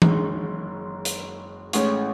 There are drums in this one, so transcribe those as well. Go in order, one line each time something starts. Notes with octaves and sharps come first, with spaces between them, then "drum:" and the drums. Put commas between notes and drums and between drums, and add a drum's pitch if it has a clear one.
F#1 F#2 D#3 G#3, drum: tom E3
drum: hi-hat
A1 A2 G#3 C#4, drum: hi-hat